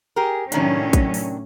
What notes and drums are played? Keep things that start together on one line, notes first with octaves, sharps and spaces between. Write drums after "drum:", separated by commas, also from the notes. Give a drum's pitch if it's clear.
G4 G#4 A#4
A2 C3 D#3 F#3 C#4 D4, drum: hi-hat
drum: kick, hi-hat
drum: open hi-hat